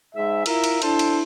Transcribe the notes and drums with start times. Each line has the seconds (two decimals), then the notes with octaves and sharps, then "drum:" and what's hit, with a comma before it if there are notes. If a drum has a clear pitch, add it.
0.15 G#2 E5
0.46 E4 F4 A#4 E5, drum: cymbal
0.64 drum: cymbal
0.82 D4 E4 A4 C5, drum: cymbal
0.99 drum: cymbal